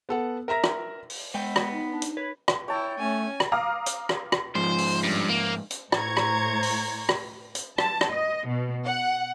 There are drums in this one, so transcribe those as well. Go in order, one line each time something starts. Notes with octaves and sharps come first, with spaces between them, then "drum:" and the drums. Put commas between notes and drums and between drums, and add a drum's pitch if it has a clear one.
B3 A4 F#5
A#4 E5 A#5 A#6
drum: rim click
drum: open hi-hat
G#3 B3 G5
drum: rim click
D#4
D4
drum: hi-hat
B4 C#5
drum: rim click
E4 C#5 G5 A5
A3 C#4 G#5
drum: rim click
F5 A#5 D6 D#6 F6
drum: hi-hat
drum: rim click
drum: rim click
G#2 F3 C5
drum: open hi-hat
G2
A#3
drum: hi-hat
A2 C5 A#5 C#6 G#6, drum: rim click
drum: rim click
drum: open hi-hat
drum: rim click
drum: hi-hat
A5, drum: rim click
drum: rim click
D#5
B2
F#5